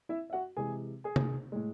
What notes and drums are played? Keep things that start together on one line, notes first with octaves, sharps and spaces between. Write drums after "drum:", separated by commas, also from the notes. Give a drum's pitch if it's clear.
E4 E5
E5
F#4 F#5
C3 E3 G#3 G#4 G#5
G#4 G#5
drum: tom C3
A2 G#3